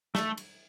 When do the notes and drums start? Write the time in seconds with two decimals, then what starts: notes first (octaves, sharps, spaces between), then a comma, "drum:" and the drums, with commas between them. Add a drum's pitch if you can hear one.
0.15 A3, drum: snare
0.38 drum: cymbal